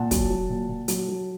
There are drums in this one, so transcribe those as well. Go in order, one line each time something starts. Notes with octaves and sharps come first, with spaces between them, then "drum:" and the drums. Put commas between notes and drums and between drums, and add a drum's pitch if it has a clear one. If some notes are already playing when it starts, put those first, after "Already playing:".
Already playing: A#2 F#5 A5
F#3, drum: kick, hi-hat
F#3
A#2
A#2
F#3, drum: hi-hat
F#3